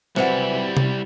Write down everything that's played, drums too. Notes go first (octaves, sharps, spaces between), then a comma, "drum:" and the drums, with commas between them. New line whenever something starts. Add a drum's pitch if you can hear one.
C3 E3 F#3 G3 E4 C5 F#5 C#7, drum: snare
drum: tom C3